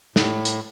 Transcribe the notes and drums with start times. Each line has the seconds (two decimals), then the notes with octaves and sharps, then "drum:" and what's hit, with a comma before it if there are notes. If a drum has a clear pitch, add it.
0.16 A2, drum: snare
0.45 drum: hi-hat